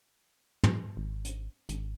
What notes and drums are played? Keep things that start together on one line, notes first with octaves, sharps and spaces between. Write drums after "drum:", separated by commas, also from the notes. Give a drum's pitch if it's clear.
drum: tom
G#1
drum: hi-hat
G#1, drum: hi-hat